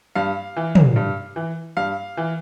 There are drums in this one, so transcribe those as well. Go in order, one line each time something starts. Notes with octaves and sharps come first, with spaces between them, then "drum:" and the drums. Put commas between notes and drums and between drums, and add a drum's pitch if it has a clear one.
G2 F5
E3
drum: tom
G2
E3
G2 F5
E3